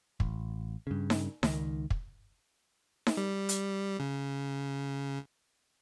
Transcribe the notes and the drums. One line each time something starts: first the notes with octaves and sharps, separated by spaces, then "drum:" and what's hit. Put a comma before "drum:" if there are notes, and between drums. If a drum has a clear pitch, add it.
A1, drum: kick
G2 C#3
drum: snare D#4
C#2 D#3, drum: snare D#4
drum: kick
drum: snare D#4
G3
drum: hi-hat
C#3